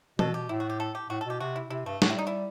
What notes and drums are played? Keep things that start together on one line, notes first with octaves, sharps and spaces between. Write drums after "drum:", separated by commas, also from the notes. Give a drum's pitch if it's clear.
B2 A4, drum: tom E3
B2 G4
A2 E4
F#4
G4
A4
G4
A2 F#4
A4
B2 G4
C3 F#4
E4
C3 E4
G2 A3
A2 F#4, drum: snare
E4
G3 D#4
E4